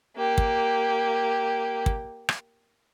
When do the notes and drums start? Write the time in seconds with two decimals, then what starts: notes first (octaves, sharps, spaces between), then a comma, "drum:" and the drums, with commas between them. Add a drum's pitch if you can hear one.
0.16 A#3 G4
0.38 drum: kick
1.86 drum: kick
2.29 drum: rim click